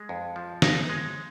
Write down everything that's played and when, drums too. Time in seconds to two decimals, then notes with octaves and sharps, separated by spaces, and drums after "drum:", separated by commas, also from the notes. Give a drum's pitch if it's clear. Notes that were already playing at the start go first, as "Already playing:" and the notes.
Already playing: G#3
0.09 F2
0.36 F3
0.62 D#4, drum: snare
0.89 G#3